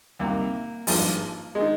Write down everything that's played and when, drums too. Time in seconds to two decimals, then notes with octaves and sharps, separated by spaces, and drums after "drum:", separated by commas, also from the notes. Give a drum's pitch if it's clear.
0.19 C2 C3 D#3 A#3
0.87 G#1 G2 F3, drum: open hi-hat
1.55 G#3
1.60 D#3